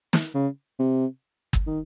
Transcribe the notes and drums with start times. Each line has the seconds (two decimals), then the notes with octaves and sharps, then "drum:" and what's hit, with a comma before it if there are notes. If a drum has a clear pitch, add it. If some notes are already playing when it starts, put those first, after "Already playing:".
0.13 drum: snare
0.34 C#3
0.79 C3
1.53 drum: kick
1.66 D#3